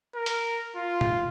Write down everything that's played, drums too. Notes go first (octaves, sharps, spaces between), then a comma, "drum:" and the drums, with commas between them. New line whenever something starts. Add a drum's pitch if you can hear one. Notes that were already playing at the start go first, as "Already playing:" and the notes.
A#4
drum: hi-hat
F4
drum: tom B2